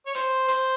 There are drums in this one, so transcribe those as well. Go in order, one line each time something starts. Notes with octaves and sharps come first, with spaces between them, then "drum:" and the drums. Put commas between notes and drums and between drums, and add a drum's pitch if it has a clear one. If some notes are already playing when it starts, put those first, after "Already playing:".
C#5
C5, drum: hi-hat
C5, drum: hi-hat